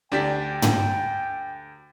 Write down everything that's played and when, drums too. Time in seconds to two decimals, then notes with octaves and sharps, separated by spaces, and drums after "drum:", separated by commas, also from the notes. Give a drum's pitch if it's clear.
0.12 D2 D4 G4 G5 B6
0.62 drum: tom